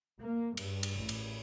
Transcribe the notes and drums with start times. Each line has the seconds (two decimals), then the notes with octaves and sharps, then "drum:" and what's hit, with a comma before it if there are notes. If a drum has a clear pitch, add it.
0.21 A#3
0.57 G2, drum: cymbal
0.83 drum: cymbal
0.99 A1
1.09 drum: cymbal